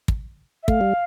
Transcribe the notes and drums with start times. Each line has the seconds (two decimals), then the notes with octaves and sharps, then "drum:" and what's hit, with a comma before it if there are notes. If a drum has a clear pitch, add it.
0.08 drum: kick
0.63 E5
0.68 A3 F5, drum: kick
0.81 G3